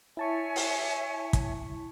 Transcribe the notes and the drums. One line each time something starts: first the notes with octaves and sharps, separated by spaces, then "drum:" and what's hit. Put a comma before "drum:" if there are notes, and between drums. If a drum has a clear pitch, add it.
E4 C#5 E5 G#5 A5 C#6
drum: open hi-hat
drum: kick, hi-hat